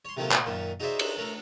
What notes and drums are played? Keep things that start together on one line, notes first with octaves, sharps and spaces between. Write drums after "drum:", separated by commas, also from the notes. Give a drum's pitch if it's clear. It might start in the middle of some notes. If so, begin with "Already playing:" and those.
C#5 C6
C3 D#3 F3 F#3 A3 A#3
A#2, drum: clap
F#2 A#2 D#3
D#4 F#4 G#4 C5 D5 E5
drum: cymbal
A3 A#4